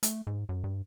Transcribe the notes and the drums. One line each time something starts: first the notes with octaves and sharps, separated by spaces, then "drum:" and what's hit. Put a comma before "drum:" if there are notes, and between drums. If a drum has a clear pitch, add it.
A3, drum: hi-hat
G#2
F#2
G2